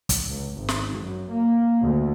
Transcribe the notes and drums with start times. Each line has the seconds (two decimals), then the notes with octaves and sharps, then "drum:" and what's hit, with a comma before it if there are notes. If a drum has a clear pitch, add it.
0.09 drum: kick, hi-hat
0.27 C#2
0.59 G#1
0.69 drum: snare
0.98 F#2
1.32 A#3
1.83 D2